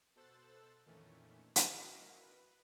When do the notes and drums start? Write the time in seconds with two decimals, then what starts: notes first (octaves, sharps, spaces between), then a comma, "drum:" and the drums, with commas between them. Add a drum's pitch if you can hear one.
0.16 B2 A4 C5 E6 F#6 A6
0.86 F2 A#2 D#3 E3 A3 C#4
1.56 drum: hi-hat
1.69 E4 F#4 A#4 D#5 F5
2.22 B4